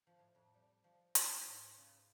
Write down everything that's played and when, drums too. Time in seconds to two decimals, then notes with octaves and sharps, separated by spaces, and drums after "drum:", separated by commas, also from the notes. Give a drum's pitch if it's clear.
0.07 F3
0.19 A2
0.35 F2
0.54 G3
0.84 F3
1.15 B3, drum: hi-hat
1.44 G#2
1.78 C#3